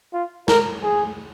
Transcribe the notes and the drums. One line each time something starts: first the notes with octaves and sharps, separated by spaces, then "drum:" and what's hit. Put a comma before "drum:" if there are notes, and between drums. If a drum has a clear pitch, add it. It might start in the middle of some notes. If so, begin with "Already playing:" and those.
F4
A#4, drum: snare
G#4